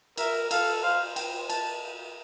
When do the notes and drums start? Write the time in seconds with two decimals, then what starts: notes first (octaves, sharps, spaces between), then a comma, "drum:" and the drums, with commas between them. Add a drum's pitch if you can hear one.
0.17 A#4 E5, drum: cymbal
0.51 A4 F5, drum: cymbal
0.83 C5 F5
1.16 G5, drum: cymbal
1.50 A5, drum: cymbal